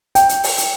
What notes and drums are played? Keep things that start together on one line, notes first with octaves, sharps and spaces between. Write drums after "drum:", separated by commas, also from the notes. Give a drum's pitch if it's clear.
G5, drum: hi-hat
drum: hi-hat
drum: open hi-hat
drum: hi-hat